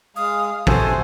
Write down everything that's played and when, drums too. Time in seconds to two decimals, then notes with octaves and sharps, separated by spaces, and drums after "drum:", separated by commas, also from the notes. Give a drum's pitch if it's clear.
0.16 G#3 F5 D#6
0.67 C3 F#4 A4 C5 G#5, drum: kick